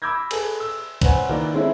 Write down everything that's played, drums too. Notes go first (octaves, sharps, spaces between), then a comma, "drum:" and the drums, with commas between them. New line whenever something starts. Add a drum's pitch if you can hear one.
B5 D6 E6 G6 G#6 A#6
G#4 A4 B4, drum: cymbal
E6
C#4 B4 C5 F#5 G#5, drum: kick C2, cymbal
D#3 E3 A#3 B4 D5
G#3 C4 C#4 E4 A4